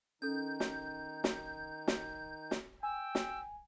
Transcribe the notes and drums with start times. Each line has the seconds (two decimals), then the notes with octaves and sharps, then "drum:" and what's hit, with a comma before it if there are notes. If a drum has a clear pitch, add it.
0.22 D#3 C#4 D#4 A4 G6
0.60 drum: snare
1.24 drum: snare
1.88 drum: snare
2.51 drum: snare
2.83 G5 G#5 E6
3.15 drum: snare